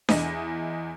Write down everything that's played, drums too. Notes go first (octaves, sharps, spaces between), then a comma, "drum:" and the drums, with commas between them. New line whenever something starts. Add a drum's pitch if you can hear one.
E2 E4 D#5 D#7, drum: snare D4